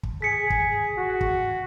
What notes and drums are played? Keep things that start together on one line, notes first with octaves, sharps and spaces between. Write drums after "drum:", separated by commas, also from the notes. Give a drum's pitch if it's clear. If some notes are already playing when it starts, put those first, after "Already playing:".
drum: kick
G#4 B6 C#7
drum: kick
F#4
drum: kick